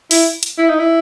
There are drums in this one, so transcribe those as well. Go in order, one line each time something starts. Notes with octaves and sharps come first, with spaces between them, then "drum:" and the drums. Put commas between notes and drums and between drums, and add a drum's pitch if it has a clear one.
E4, drum: open hi-hat
drum: hi-hat
E4
D#4
E4